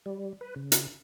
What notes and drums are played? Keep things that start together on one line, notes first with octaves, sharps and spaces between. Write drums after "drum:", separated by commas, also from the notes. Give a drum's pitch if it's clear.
G3
B4
C#3
drum: hi-hat